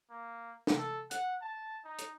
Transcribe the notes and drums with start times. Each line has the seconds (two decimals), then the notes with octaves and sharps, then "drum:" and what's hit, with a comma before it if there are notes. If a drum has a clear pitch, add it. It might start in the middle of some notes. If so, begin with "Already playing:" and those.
0.10 A#3
0.67 drum: snare
0.78 A4
1.11 F#5, drum: hi-hat
1.41 A5
1.85 D#4
1.99 drum: hi-hat